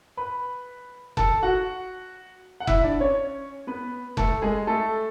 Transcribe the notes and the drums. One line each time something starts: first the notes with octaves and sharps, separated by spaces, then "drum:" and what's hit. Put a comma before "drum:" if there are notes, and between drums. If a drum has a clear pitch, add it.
B4 B5
A4 A5, drum: kick F1
F#4 F#5
F#5
E4 E5, drum: kick F1
D4 D5
C#4 C#5
B3 B4
A3 A4, drum: kick F1
G#3 G#4
A3 A4